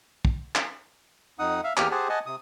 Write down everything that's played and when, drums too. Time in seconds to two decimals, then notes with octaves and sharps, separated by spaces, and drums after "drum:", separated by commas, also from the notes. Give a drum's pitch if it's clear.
0.25 drum: kick
0.55 drum: clap
1.39 F2 D#4 F#5 D#6
1.64 E5 F5
1.77 E2 A#3 G4 F6, drum: clap
1.91 G4 G#4 C5 F#5 G#5 A5
2.09 D#5 F#5 G#5 A5
2.26 C3 D#6